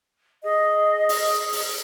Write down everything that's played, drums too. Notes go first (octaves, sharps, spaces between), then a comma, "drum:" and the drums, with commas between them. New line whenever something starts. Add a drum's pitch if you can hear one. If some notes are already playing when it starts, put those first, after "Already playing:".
G#4 D#5
drum: open hi-hat
drum: open hi-hat